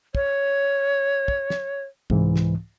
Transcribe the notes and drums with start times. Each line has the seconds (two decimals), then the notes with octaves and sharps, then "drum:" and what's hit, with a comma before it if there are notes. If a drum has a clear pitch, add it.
0.15 C#5, drum: kick
1.28 drum: kick
1.50 drum: snare
2.10 C2 G#2 E3, drum: kick
2.36 drum: snare